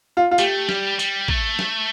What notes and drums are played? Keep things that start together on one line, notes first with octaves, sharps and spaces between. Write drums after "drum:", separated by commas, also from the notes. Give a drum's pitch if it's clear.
F4
F4
A3 G4, drum: hi-hat
G3, drum: snare
G3, drum: hi-hat
A3, drum: kick
drum: snare